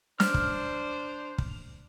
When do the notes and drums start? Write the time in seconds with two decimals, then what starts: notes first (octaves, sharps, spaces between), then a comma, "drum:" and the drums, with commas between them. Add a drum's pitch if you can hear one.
0.20 D4 C5 F6, drum: snare
0.34 drum: kick
1.38 drum: kick